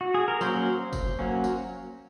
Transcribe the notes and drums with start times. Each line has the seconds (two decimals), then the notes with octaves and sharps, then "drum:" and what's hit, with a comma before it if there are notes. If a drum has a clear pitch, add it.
0.01 F#4
0.14 G#4
0.28 A#4
0.41 F#3 A#3 C#4 C5, drum: tambourine
0.93 drum: kick, tambourine
1.19 F#3 A#3 C#4
1.44 drum: tambourine